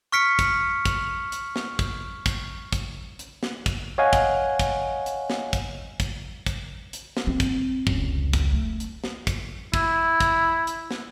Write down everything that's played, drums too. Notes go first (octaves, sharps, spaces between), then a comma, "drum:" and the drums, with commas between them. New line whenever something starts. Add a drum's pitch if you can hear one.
C#6 F6 B6 C#7 D7
drum: kick, hi-hat
drum: kick, hi-hat
drum: hi-hat
drum: snare
drum: kick, hi-hat
drum: kick, hi-hat
drum: kick, hi-hat
drum: hi-hat
drum: snare
drum: kick, hi-hat
C#5 D#5 F5 F#5 G#5
drum: kick, hi-hat
drum: kick, hi-hat
drum: hi-hat
drum: snare
drum: kick, hi-hat
drum: kick, hi-hat
drum: kick, hi-hat
drum: hi-hat
drum: snare
C4
drum: kick, hi-hat
F1 C#2, drum: kick
drum: kick, hi-hat
A3
drum: hi-hat
drum: snare
drum: kick, hi-hat
E4, drum: kick, hi-hat
drum: kick, hi-hat
drum: hi-hat
drum: snare